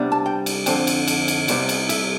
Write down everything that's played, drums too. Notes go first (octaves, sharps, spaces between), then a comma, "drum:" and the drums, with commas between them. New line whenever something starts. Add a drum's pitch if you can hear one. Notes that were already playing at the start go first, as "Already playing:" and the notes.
Already playing: C2 G3 B3 D4
A5
G5
drum: cymbal
F2 D3 F3 C4 G5, drum: cymbal
drum: cymbal
drum: cymbal
drum: cymbal
C2 C3 G3 B3, drum: cymbal
drum: cymbal
E5, drum: cymbal